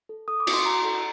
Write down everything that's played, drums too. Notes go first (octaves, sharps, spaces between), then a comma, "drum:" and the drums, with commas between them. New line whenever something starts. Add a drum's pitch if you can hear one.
A4
A4 D#6
D6
F#4, drum: cymbal
C6
F#4 A#5
A4